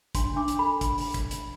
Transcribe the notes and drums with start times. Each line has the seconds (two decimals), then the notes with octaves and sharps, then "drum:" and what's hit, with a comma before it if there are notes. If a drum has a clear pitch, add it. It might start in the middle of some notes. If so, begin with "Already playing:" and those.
0.15 D4 C6, drum: kick, hi-hat
0.36 D4 D6
0.48 drum: hi-hat
0.59 A4 B5
0.81 drum: kick, hi-hat
0.98 drum: open hi-hat
1.14 drum: kick, hi-hat
1.31 drum: hi-hat